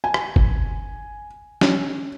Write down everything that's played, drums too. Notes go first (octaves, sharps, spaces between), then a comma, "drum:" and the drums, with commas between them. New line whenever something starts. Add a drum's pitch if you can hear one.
G#5
drum: rim click
drum: kick G1
C#4, drum: snare